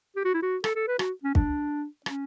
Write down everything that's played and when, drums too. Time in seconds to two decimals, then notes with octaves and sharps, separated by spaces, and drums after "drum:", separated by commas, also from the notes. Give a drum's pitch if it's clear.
0.16 G4
0.25 F#4
0.34 E4
0.42 F#4
0.64 A4, drum: rim click
0.75 A4
0.88 B4
0.99 F#4, drum: rim click
1.24 C#4
1.35 D4, drum: kick
2.06 C#4, drum: rim click